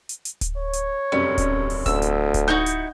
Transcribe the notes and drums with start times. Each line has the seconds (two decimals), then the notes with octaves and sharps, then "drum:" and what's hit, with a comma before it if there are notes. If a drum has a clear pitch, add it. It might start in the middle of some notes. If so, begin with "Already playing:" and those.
0.09 drum: hi-hat
0.25 drum: hi-hat
0.41 drum: kick D1, hi-hat
0.57 C#5
0.73 drum: hi-hat
1.12 F1 F#2 G3 C#4
1.38 drum: kick D1, hi-hat
1.70 drum: open hi-hat
1.86 D2 E6, drum: kick D1, hi-hat
2.02 drum: hi-hat
2.34 drum: kick D1, hi-hat
2.48 D#4 E4 F#4 G6
2.66 drum: hi-hat